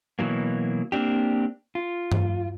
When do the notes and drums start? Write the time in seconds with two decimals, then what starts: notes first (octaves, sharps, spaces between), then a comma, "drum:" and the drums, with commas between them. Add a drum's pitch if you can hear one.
0.19 B2 E3 F#3 A#3
0.92 A#3 C4 D4 G4
1.75 F4
2.12 drum: tom G2